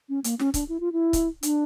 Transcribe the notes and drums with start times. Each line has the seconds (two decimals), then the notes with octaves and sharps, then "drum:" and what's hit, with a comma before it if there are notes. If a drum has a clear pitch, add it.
0.09 C#4
0.24 A#3, drum: hi-hat
0.39 C#4, drum: snare
0.54 D4, drum: kick C#1, hi-hat
0.69 E4
0.80 F4
0.93 E4
1.13 drum: kick C#1, hi-hat
1.43 D4, drum: hi-hat